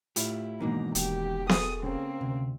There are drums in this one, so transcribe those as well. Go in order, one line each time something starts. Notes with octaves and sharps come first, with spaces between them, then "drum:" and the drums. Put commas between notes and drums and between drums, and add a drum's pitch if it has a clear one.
A2 E4 F4 G4, drum: hi-hat
G#2 B2 D#3 E3 A#3 D4 A#5
E1 G4, drum: hi-hat
F#4 G#4 A4 D#6, drum: snare B3
C#3 A#3 C4
D2 C3